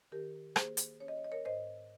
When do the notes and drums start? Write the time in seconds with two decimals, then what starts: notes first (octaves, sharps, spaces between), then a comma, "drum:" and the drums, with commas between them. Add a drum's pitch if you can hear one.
0.12 D#3 G4 A#4
0.56 A#3 G#4 C5, drum: rim click
0.77 drum: hi-hat
1.00 C#4 C#5
1.08 D#5
1.17 C#5
1.24 D#5
1.32 A#4 C#5
1.45 G#2 C5 D#5